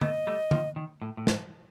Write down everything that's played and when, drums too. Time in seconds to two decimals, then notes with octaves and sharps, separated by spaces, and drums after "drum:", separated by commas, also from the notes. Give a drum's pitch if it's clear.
0.01 A3 B3 D#5, drum: tom D3
0.27 G3 A3
0.51 D#3 F3, drum: tom
0.76 D#3
1.02 A2
1.17 A2
1.27 G#2, drum: snare